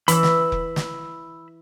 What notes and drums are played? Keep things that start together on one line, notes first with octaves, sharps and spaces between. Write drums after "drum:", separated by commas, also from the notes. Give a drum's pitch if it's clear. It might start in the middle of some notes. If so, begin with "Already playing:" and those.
E3 B5 E6, drum: hi-hat
drum: snare
drum: kick F1
drum: snare